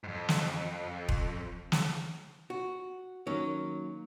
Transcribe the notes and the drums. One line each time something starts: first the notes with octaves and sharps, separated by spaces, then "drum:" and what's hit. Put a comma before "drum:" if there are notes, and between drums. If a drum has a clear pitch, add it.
F2 G#2
drum: snare
drum: kick E1
drum: snare
F#4
D#3 F#3 A#3 C#4 D#4